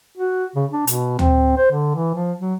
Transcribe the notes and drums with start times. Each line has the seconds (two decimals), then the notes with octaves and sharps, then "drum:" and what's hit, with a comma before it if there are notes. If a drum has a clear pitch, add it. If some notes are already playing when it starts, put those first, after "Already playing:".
0.18 F#4
0.56 C#3
0.72 D4
0.87 B2, drum: hi-hat
1.19 C4, drum: tom D2
1.57 C5
1.72 D3
1.95 E3
2.15 F3
2.40 F#3